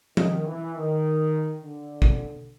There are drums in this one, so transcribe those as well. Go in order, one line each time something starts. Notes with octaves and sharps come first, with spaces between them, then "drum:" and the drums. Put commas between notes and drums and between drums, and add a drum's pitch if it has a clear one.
D#3, drum: tom F3
E3
D#3
D3
drum: kick